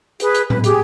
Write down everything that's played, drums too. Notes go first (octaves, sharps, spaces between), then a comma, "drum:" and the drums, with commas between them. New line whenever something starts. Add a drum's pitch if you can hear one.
G#4 B4, drum: hi-hat
drum: hi-hat
B4, drum: tom A2
G4 G#4, drum: hi-hat